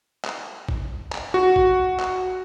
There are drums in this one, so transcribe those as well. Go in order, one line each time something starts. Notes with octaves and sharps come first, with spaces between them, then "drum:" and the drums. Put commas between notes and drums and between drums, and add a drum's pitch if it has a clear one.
drum: clap
drum: kick
drum: clap
F#4
drum: kick
drum: clap